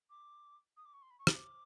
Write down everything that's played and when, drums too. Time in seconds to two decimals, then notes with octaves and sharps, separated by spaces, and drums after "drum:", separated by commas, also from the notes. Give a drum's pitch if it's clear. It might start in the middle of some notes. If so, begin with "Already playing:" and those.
0.10 D6
0.77 D#6
0.85 D6
0.93 C#6
1.02 C6
1.10 B5
1.19 C#6
1.27 D#6, drum: rim click
1.35 D6